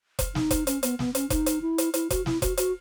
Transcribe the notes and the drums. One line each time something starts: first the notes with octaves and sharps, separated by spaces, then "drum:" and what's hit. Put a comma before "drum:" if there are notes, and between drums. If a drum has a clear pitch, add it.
drum: kick F1, hi-hat
D#4, drum: snare
drum: kick F1, hi-hat
C#4, drum: hi-hat
B3, drum: hi-hat
B3, drum: snare
C#4, drum: hi-hat
D#4, drum: kick F1, hi-hat
drum: hi-hat
E4
drum: hi-hat
E4, drum: hi-hat
F#4, drum: kick F1, hi-hat
E4, drum: snare
F#4, drum: kick F1, hi-hat
F#4, drum: hi-hat